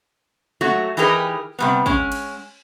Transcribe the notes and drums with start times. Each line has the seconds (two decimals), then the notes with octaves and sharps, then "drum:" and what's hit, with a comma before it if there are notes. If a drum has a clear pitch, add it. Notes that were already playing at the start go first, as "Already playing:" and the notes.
0.61 F#3 A3 F#4, drum: tom G#3
0.97 E3 D#4 G4 G#4 A#4 B4
1.59 C3 G3 B3
1.86 G#3 C#4, drum: kick
2.12 drum: cymbal